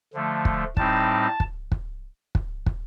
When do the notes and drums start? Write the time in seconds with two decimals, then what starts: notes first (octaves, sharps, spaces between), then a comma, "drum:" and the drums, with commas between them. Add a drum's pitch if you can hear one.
0.13 D3 F3 A3
0.45 drum: kick
0.77 A2 G3 C4 D#4 A5, drum: kick
1.40 drum: kick
1.72 drum: kick
2.35 drum: kick
2.66 drum: kick